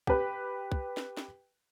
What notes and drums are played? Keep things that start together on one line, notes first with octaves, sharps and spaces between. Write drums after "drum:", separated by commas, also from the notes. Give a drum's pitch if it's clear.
G4 B4, drum: kick
drum: kick
drum: snare
drum: snare